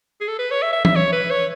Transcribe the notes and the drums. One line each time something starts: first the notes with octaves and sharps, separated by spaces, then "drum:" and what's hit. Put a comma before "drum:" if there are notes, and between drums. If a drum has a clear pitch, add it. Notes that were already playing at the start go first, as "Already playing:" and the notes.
G#4
A4
B4
C#5
E5
E5
E5, drum: tom E3
C#5
B4
C#5